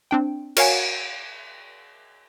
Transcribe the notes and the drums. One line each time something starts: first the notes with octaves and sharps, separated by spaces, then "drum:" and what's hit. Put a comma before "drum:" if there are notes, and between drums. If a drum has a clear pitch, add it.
C4 D4 G5
F#4 A#4 C#5 F5 F#5 G#5, drum: cymbal